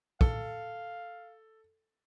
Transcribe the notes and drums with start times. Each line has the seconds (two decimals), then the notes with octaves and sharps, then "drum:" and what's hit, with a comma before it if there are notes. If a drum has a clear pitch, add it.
0.21 A4 F5, drum: kick